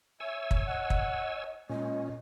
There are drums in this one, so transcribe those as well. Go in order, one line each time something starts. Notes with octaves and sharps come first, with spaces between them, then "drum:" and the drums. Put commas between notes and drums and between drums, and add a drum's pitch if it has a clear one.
C#5 E5 G#5 E6
drum: kick
D#5 F#5
drum: kick
A#2 G#3 C#4 D#5